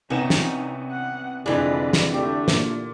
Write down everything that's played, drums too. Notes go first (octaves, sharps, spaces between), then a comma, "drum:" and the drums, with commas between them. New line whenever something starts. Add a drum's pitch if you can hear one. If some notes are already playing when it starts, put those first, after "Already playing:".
C2 B3 C#4 D#4 E7
drum: snare
F#5
F1 F2 D3 E3 G#3 D4 B4 D5
drum: snare
A3 D4 G4
A#2, drum: snare